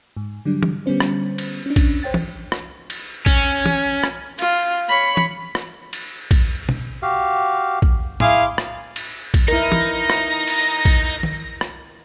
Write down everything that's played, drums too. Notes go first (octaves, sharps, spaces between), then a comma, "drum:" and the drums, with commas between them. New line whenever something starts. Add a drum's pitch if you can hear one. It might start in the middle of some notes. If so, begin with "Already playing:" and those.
G#2
D3 F#3 G3 D4
drum: tom
D3 G3 B3 C#4 C5
drum: rim click
drum: cymbal
C#4 D4
drum: kick, cymbal
C5 C#5 G5 A6
drum: tom
drum: rim click
drum: cymbal
C#4, drum: kick, cymbal
drum: tom
drum: rim click
F4, drum: cymbal
C#5 B5
drum: tom
drum: rim click
drum: cymbal
drum: kick, cymbal
drum: tom B2
F#4 G4 F5
drum: kick
E4 G#4 F5 C6 D6, drum: tom A2
drum: rim click
drum: cymbal
drum: kick, cymbal
D#4 E4 A#4 A#6
drum: tom
drum: rim click
drum: cymbal
drum: kick, cymbal
drum: tom D#3
drum: rim click